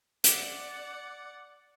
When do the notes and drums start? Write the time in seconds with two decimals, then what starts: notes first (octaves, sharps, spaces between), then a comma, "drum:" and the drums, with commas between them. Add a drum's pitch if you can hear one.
0.24 D5 F#5, drum: hi-hat